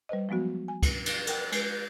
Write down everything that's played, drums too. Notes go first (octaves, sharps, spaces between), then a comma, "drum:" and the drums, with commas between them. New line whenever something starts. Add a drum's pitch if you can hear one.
G3 B4 C5 D#5
F3 F#3 G#3 B3 F#4
G#5
drum: kick C#2, cymbal
drum: cymbal
A#4 F#5 G5, drum: cymbal
G#3, drum: cymbal